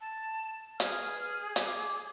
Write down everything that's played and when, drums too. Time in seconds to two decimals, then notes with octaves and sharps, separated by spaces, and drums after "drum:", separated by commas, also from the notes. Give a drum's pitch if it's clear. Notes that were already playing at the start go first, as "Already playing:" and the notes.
0.01 A5
0.80 G#4 B4 F6, drum: hi-hat
1.56 D6, drum: hi-hat